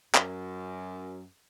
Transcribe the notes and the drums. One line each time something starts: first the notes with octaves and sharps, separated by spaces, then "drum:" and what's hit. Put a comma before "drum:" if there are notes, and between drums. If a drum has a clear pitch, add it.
F#2, drum: clap